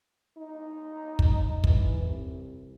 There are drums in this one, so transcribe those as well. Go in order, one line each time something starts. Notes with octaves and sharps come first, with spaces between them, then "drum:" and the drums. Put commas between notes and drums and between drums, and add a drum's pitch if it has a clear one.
D#4
drum: kick
E3, drum: kick
C2